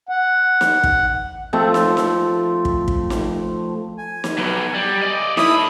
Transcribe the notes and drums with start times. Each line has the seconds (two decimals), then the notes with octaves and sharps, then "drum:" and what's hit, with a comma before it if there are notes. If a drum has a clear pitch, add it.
0.09 F#5
0.61 drum: snare
0.83 drum: kick
1.53 F3 A3 C4
1.74 drum: snare
1.97 drum: snare
2.65 drum: kick
2.88 drum: kick
3.10 drum: snare
3.98 G#5
4.24 drum: snare
4.38 F#3 B3
4.74 G3
5.02 D5 D#5
5.37 A2 E4 B5 D#6, drum: snare